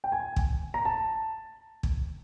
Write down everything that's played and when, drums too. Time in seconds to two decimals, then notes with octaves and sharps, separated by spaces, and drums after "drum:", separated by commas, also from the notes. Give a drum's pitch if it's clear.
0.04 G5
0.12 G#5
0.36 drum: kick
0.74 A#5
0.85 A5
1.83 drum: kick